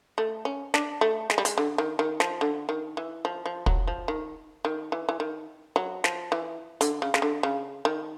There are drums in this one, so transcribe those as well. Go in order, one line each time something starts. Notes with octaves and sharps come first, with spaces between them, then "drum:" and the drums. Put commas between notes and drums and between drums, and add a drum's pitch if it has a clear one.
A3
C#4
D4, drum: snare
A3
G#3, drum: snare
G3
G#3, drum: hi-hat
D3
D#3
D#3
F3, drum: snare
D3
D#3
E3
F3
F3
F#3, drum: kick
F3
D#3
D#3
E3
E3
D#3
F#3
F3, drum: snare
E3
D3, drum: hi-hat
C#3
C#3, drum: snare
D3
C#3
D#3